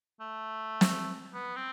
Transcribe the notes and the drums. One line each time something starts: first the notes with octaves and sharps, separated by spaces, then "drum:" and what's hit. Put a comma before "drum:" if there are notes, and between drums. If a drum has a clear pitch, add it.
A3
drum: snare
B3
C4